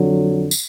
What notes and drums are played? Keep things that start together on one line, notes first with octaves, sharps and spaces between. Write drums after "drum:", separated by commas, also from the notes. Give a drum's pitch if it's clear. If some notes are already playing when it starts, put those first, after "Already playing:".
Already playing: F2 D3 F#3
drum: tambourine